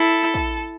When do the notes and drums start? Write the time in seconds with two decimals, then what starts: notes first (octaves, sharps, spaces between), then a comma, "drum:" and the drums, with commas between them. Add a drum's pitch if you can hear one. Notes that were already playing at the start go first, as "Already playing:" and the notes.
Already playing: E4 A4
0.34 drum: kick